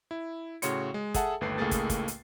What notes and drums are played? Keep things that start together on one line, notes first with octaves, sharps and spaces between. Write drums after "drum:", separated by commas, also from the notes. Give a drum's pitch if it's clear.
E4
A2 C#3 F#4 C#5 C6 C#7, drum: hi-hat
G#3
G#4 A4 E5 F#5 A5, drum: kick, hi-hat
G1 D#2 A3 B4 G5 C7
C#2 A2 A3 A#3 G#4 A6
drum: kick, hi-hat
drum: kick, hi-hat
drum: hi-hat